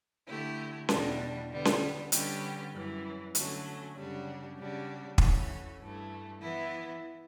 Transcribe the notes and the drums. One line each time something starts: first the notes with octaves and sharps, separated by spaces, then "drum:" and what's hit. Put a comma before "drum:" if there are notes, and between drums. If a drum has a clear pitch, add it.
D3 A3 E4 G4
E2 B2 G3 D4, drum: snare C#4
D3 G3 B3
drum: snare C#4
D3 G3 C#4 G4 B4, drum: hi-hat
F#2 E3 G3
D3 F#3 A3 C#4, drum: hi-hat
F#2 C#3 G3 D4 F#4
C#3 G3 D4 F#4
E3 A3 C#4 F#4, drum: kick
G2 E3 A3
E3 B3 E4